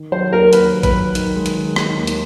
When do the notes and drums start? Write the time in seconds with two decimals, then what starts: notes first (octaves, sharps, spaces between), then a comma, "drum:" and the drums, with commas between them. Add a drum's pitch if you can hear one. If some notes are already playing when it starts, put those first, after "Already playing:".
Already playing: D#3
0.12 F#3 C5
0.33 D#2 A#4
0.53 D#2 B4, drum: hi-hat
0.74 D#2
0.83 B4, drum: kick A1, hi-hat
0.94 F#3
1.15 D#3, drum: hi-hat
1.36 G#3
1.46 drum: hi-hat
1.56 D#3
1.76 G#3, drum: rim click
1.98 D#2
2.07 drum: hi-hat